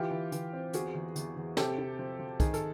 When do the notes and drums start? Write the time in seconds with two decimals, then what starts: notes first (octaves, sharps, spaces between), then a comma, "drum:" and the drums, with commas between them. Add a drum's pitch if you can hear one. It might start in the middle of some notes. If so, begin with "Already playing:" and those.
Already playing: E3 F4 G4
0.11 E3
0.32 E3, drum: hi-hat
0.53 C4
0.73 E2 F#4 G#4, drum: hi-hat
0.95 E2
1.16 E2, drum: hi-hat
1.36 E2
1.57 C3 G4 A4, drum: snare
1.78 C3
1.99 F3
2.19 F3
2.40 D#3 G#4, drum: kick, hi-hat
2.54 A4, drum: hi-hat